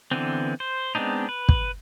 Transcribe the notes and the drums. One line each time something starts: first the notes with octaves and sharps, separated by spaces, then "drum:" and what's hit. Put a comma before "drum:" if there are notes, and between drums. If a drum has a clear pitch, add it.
D3 E3 B3 C4
C5
G#3 B3 C4 D4 D#4
B4
drum: kick